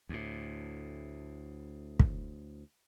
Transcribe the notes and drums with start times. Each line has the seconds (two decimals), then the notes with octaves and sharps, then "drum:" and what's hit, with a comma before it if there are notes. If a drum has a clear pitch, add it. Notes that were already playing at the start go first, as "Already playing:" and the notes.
0.09 D2 A2
2.00 drum: kick